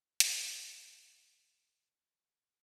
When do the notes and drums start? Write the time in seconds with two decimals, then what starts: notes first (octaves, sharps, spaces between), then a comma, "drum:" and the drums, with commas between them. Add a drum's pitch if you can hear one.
0.20 F1 C2 G2 E3, drum: hi-hat